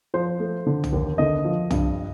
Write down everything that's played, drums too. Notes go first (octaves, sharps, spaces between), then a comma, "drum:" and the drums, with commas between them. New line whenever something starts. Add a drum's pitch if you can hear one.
F3 C5
A3
D3
drum: tom
D#2
D3 D#5
F3
G2, drum: tom